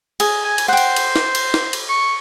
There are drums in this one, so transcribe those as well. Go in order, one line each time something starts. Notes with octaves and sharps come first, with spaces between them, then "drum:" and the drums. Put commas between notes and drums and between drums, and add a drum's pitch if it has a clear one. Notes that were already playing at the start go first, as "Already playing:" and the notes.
G#4, drum: cymbal
G#5
drum: cymbal
C5 F#5 G5
drum: cymbal
drum: cymbal
drum: snare
drum: cymbal
drum: snare
drum: cymbal
C#6